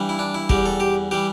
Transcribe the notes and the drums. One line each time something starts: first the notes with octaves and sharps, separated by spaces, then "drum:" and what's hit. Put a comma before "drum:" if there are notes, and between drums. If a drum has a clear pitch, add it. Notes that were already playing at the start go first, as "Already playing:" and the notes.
Already playing: G2 E3 G3
E4
D4
E4
E2 E3 G3 G4, drum: kick
A4
G4
E3 G3 G4